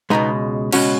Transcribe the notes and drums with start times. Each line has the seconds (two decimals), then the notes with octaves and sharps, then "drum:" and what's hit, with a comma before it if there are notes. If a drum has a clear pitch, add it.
0.10 C#2 B2 G#3 B3 D#4
0.73 C#2 B2 G#3 C#4 F#4, drum: cymbal